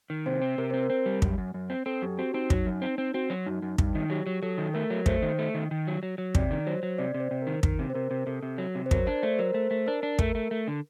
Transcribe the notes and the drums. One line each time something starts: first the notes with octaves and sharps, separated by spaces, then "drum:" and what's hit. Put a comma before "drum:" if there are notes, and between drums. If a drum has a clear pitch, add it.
D#3
C3 C5
C4
C3 A#4
C4 C5
A#4
C4
G3
F#2, drum: kick
F#2
F#2
C4
C4 A4
F#2 G4
C4 F#4
C4 D#4
F#3 D#4, drum: kick
F#2
C4 D#4
C4
C4 F#4
F#3
F#2 D#4
F#2
G2 D#4, drum: kick
D#3
F#3 G4
F#3
F#3 A4
D#3
A3 A#4
F#3
A3 C5, drum: kick
D#3
A3
D#3
D#3
F#3
F#3
F#3
C3 D5, drum: kick
D#3
F#3 C5
F#3
C3 D5
C3
C5
C3
A#4
D#3
D#3, drum: kick
C3
C5
C3 A#4
C3
C3 A4
C3
F#3
C3
C5
F#3 A#4, drum: kick
D4 D5
A3 C5
F#3 A#4
A3 C5
A3
D4 A#4
D4
A3 A#4, drum: kick
A3
A3
D3